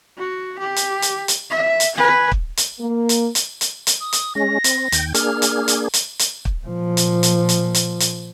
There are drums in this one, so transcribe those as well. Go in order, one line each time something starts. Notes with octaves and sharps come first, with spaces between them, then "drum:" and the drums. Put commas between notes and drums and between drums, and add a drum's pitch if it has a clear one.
F#4
G4
drum: hi-hat
drum: hi-hat
drum: hi-hat
E5
drum: hi-hat
B4 G#5
drum: kick
drum: hi-hat
A#3
drum: hi-hat
drum: hi-hat
drum: hi-hat
drum: hi-hat
D#6
drum: hi-hat
G#3 C#4 A#6
C4, drum: hi-hat
D#2 G5, drum: hi-hat
A#3 D4 G#4 F6, drum: hi-hat
drum: hi-hat
drum: hi-hat
drum: hi-hat
drum: hi-hat
drum: kick
A#2 F3
drum: hi-hat
drum: hi-hat
drum: hi-hat
drum: hi-hat
drum: hi-hat